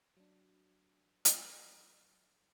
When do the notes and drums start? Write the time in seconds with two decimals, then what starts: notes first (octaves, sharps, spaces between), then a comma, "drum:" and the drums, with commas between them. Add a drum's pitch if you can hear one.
0.16 F#3 D4
1.25 drum: hi-hat